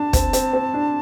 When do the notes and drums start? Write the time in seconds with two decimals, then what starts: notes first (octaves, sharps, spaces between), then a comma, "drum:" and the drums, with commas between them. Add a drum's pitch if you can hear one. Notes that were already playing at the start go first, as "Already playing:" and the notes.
Already playing: D4 A5
0.13 C4, drum: kick, hi-hat
0.33 C4, drum: hi-hat
0.53 C4
0.74 D4